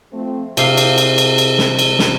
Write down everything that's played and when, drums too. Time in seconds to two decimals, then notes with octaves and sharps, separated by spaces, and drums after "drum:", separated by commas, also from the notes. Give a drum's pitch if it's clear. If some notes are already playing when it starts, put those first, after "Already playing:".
0.13 F3 A3 C4
0.57 C3 G#4 F5, drum: cymbal
0.77 drum: cymbal
0.98 drum: cymbal
1.18 drum: cymbal
1.38 drum: cymbal
1.58 drum: snare
1.79 drum: cymbal
1.99 drum: snare